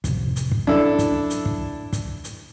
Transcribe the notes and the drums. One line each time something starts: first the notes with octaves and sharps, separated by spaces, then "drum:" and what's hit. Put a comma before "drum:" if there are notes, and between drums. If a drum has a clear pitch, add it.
A1 F2 C3, drum: kick, hi-hat
drum: hi-hat
drum: kick
F#3 D4 E4 A4
drum: kick, hi-hat
drum: hi-hat
drum: kick
drum: kick, hi-hat
drum: hi-hat